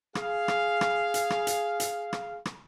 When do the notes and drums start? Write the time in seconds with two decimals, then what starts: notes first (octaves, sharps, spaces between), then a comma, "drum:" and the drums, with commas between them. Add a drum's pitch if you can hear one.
0.15 G#4 F5, drum: rim click
0.48 drum: rim click
0.81 drum: rim click
1.14 drum: hi-hat
1.30 drum: rim click
1.47 drum: hi-hat
1.80 drum: hi-hat
2.13 drum: rim click
2.45 drum: rim click